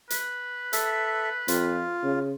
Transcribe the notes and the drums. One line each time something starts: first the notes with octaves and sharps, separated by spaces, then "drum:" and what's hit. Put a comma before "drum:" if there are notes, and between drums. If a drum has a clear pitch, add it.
B4, drum: hi-hat
A4 E5, drum: hi-hat
F2 F4, drum: hi-hat
C#3